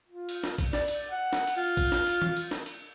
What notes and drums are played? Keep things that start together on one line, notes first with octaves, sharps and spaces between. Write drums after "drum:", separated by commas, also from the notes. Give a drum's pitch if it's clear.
F4
drum: cymbal
drum: snare
drum: kick A1, cymbal
D5, drum: snare
drum: cymbal
F#5
drum: snare
drum: cymbal
F4
drum: kick A1, cymbal
drum: snare
drum: cymbal
drum: tom E3
drum: cymbal
drum: snare
drum: cymbal